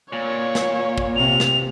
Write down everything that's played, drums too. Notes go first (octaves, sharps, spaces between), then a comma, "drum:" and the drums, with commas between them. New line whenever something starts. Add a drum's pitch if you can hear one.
A#2 C#5
drum: snare
drum: kick
C3 F7
drum: snare